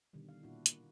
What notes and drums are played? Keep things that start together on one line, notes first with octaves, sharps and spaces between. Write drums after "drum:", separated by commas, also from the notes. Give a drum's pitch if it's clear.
B2 D3 D#3 G3
F5
A#2 D4 E4 F#4
A#3, drum: hi-hat